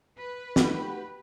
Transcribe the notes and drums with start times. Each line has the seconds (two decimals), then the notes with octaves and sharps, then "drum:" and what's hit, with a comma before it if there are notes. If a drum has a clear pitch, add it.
0.17 B4
0.56 A3 D#4 F#4 G4 B5, drum: snare